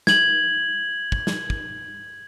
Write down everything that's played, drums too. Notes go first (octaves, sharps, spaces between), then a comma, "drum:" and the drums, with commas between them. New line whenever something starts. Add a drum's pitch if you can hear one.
G#6 F#7, drum: snare
drum: kick
drum: snare
drum: kick